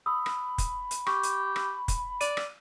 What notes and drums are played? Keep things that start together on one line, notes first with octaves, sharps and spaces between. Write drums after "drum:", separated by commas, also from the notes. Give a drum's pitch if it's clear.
B5 D#6 E6
drum: rim click
drum: kick, hi-hat
drum: hi-hat
G4 C#6, drum: rim click
drum: hi-hat
drum: rim click
drum: kick, hi-hat
D5 D#7, drum: hi-hat
drum: rim click